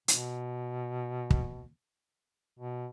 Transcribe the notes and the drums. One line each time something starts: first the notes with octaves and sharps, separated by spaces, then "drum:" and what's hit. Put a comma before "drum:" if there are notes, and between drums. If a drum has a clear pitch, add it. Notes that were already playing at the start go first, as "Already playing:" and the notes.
B2, drum: hi-hat
drum: kick
B2